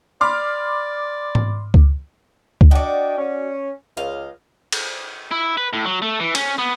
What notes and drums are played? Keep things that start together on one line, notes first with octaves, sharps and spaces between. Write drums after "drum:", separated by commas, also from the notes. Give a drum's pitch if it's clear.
D5 B5 C6 D6 F6
drum: tom G#2
drum: kick C#2
drum: kick C#2
D4 F#4 D5 D#5 G5
C#4
C#2 D#5 F5
drum: cymbal
E4
B4
A2
F#3
A3
E3
C#4, drum: cymbal
B3